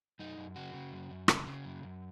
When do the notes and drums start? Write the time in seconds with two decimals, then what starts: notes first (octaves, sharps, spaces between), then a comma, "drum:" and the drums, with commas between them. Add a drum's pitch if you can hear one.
0.19 F#2 D#4
0.38 F#2
0.56 C#3 F#4
0.74 C#3
0.92 F#2
1.11 F#2
1.28 C#3, drum: rim click
1.47 C#3
1.65 F#2
1.83 F#2